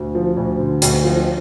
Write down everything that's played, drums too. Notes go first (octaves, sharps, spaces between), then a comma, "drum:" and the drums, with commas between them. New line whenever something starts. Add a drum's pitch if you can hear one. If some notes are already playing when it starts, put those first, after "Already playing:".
Already playing: D2
F3
D2
D3
D2, drum: hi-hat
F3